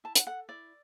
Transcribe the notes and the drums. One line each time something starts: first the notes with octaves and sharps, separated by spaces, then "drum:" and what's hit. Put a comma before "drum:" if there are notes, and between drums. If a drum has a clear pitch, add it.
E4 A5
F#5, drum: hi-hat
A4 F#5
E4 D5